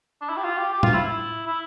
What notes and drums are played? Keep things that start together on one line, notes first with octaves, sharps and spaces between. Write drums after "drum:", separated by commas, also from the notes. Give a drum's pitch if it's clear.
D4
E4
G4
F4
G4
G4
F4, drum: tom A2
E4
E4
E4